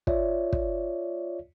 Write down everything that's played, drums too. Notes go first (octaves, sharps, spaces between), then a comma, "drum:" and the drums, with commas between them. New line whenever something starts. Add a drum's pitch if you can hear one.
F4 C#5 D5 E5, drum: kick
drum: kick